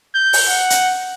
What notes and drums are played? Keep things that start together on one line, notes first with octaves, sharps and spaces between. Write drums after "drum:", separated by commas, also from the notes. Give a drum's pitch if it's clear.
G6
drum: open hi-hat
F#5
drum: hi-hat